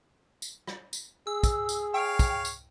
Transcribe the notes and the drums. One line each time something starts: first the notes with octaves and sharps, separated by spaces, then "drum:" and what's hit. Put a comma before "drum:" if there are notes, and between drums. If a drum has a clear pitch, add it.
drum: tambourine
drum: rim click
drum: tambourine
G#4 E6
drum: kick, tambourine
drum: tambourine
C#5 F5 G5
drum: kick, tambourine
drum: tambourine